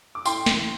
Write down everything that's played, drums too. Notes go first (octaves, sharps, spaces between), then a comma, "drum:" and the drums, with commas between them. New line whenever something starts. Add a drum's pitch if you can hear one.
D6
A2 G5 C6, drum: tambourine
A1, drum: snare